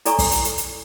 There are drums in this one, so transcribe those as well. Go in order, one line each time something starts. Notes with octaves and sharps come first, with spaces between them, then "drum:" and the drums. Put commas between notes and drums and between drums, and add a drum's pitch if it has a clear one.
E4 A4 D5 G#5 A#5 C#6, drum: hi-hat
drum: kick, open hi-hat
drum: hi-hat
drum: hi-hat
drum: hi-hat